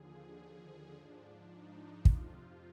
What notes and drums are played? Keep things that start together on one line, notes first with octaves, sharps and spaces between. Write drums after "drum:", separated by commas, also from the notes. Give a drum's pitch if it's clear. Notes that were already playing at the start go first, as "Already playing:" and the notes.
Already playing: D#2 D3 F3 G#4
G#2 F3 D4
D#4
F2 C3 F3 F4, drum: kick